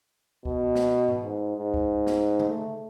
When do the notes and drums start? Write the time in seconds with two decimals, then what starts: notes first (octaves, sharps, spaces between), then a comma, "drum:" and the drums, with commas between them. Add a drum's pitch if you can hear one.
0.45 B2, drum: kick C#2
0.75 drum: snare
1.08 drum: tom G#2
1.23 G#2
1.57 G#2
1.74 drum: kick C#2
2.07 drum: snare
2.39 drum: tom C#3
2.50 A3